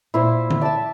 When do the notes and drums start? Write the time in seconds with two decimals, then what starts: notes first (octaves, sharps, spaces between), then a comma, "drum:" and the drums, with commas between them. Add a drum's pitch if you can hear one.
0.14 A#2 E4 C5
0.51 drum: tom D3
0.61 D5 E5 A5